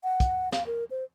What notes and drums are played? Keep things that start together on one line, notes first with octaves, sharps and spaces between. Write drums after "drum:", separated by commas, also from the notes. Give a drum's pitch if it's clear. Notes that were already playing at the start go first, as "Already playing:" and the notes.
F#5
drum: kick, hi-hat
F5, drum: snare
A#4
C5